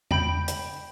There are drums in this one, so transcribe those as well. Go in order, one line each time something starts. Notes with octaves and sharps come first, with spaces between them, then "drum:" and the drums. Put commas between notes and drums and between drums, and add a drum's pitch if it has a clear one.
G5 B5 G6 D7, drum: tom E2
drum: hi-hat